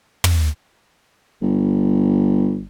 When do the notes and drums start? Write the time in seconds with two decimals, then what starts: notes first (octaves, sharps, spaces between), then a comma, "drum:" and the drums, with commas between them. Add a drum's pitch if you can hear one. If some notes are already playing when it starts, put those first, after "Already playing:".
0.24 drum: tom
1.42 G1